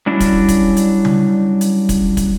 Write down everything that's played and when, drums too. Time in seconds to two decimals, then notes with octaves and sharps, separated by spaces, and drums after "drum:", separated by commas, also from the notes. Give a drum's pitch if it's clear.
0.06 F#3 G3 C#4 D4 E4
0.20 drum: kick, hi-hat
0.48 drum: kick, hi-hat
0.77 drum: hi-hat
1.05 drum: tom C#3
1.61 drum: hi-hat
1.89 drum: kick, hi-hat
2.17 drum: kick, hi-hat